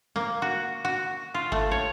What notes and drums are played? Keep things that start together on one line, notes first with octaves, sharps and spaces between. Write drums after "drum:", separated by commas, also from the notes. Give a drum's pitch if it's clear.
A#3, drum: snare
F#4
F#4
F4
A3, drum: kick G1
C#5